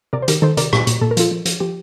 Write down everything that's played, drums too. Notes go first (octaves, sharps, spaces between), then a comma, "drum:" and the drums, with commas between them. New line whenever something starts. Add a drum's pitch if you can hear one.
C3 A#4 D5
C5
D#3 G4 A#4, drum: hi-hat
D#3 A4 C5
C3 A#4 D5, drum: hi-hat
A#2, drum: rim click
A#2, drum: hi-hat
A#2 A4
A#4
F3 F4 A4, drum: hi-hat
F3
F3, drum: hi-hat
F3 G4